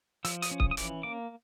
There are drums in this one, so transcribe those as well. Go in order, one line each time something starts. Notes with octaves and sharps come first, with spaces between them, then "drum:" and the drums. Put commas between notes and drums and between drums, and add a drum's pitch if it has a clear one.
F3 E6, drum: hi-hat
D#6, drum: hi-hat
C#4
D#6, drum: kick C#1
D#6
E3 D6, drum: hi-hat
A#3 D6